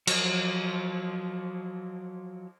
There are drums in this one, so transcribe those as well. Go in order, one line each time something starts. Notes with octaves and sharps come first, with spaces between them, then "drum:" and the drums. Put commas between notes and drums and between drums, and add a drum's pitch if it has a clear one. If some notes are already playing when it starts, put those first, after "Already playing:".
F3 F#3, drum: cymbal